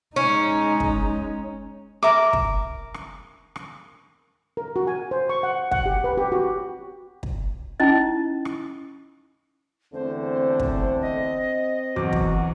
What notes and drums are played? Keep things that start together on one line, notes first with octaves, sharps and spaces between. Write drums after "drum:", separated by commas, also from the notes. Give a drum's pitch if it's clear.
G#3 C#4 D#4
drum: kick
A#4 E5 D6
drum: kick
drum: rim click
drum: rim click
A#4
F#4
G#5
C5
C#6
F#5
F#5, drum: kick
G4
B4
G4
F#4
drum: kick
C#4 D#4 E4 D#5
drum: rim click
E2 D3 A3 C4 C5
drum: kick
D#5
B1 E2 F#4 D6
drum: kick